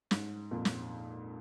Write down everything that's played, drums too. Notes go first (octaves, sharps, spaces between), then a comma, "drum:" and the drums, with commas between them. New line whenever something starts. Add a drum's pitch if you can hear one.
G#2, drum: snare
F2 A#2
drum: snare